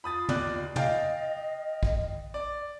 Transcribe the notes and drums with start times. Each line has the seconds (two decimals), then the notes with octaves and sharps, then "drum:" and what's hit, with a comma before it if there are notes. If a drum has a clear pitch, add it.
0.04 F4 B5 D#6 A6
0.29 D#2 D5 F#6, drum: tom
0.76 D#5 F5 G5 A6, drum: tom
1.83 drum: kick A#1
2.34 D5